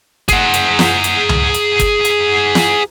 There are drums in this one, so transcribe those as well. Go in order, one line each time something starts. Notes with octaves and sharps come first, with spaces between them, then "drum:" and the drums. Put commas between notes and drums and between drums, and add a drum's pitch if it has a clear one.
G#4 F#5, drum: kick, hi-hat
drum: hi-hat
drum: snare
drum: hi-hat
drum: tom C#2
drum: hi-hat
drum: kick, hi-hat
drum: hi-hat
drum: snare